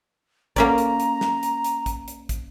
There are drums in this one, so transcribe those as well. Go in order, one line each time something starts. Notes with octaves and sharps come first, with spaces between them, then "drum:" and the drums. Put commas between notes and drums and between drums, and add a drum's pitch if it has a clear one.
A#3 C#4 D5 A#5, drum: kick, hi-hat
drum: hi-hat
drum: hi-hat
drum: snare
drum: hi-hat
drum: hi-hat
drum: kick, hi-hat
drum: hi-hat
drum: kick, hi-hat